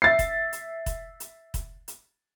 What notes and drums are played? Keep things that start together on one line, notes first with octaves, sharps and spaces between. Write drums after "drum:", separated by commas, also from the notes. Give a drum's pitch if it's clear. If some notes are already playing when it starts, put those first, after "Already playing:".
E5 A6 C7
drum: kick, hi-hat
drum: hi-hat
drum: kick, hi-hat
drum: hi-hat
drum: kick, hi-hat
drum: hi-hat